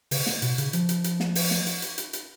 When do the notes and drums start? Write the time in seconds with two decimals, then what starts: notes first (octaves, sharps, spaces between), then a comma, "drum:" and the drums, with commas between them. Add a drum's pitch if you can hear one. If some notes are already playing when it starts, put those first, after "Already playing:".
0.11 C#3, drum: open hi-hat
0.26 drum: snare
0.42 B2, drum: hi-hat
0.58 C#3, drum: hi-hat
0.73 F3, drum: hi-hat
0.89 drum: hi-hat
1.04 drum: hi-hat
1.20 drum: snare
1.35 drum: open hi-hat
1.51 drum: snare
1.67 drum: hi-hat
1.82 drum: hi-hat
1.98 drum: hi-hat
2.13 drum: hi-hat